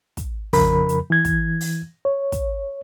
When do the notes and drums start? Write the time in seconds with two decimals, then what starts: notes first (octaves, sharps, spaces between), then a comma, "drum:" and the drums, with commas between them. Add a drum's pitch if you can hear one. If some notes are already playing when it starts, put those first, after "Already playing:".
0.17 drum: kick, hi-hat
0.53 F2 C#3 F3 A#4 B5, drum: kick, open hi-hat
0.89 drum: hi-hat
1.10 E3 G#6
1.25 drum: kick, hi-hat
1.61 drum: open hi-hat
2.05 C#5
2.32 drum: kick, hi-hat